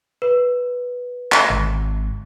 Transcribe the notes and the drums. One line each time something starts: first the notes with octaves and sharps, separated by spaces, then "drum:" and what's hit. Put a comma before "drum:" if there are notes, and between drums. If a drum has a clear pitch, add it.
B4
drum: clap
G#1